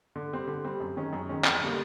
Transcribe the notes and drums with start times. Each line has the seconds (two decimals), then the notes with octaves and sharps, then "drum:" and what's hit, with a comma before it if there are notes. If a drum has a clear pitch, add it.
0.16 D3
0.33 G3 C4
0.47 D3
0.64 G3 C4
0.80 F#2
0.97 D#3 G#3 C#4
1.13 F#2
1.29 D#3 G#3 C#4
1.44 F2, drum: clap
1.61 D3 G3 A#3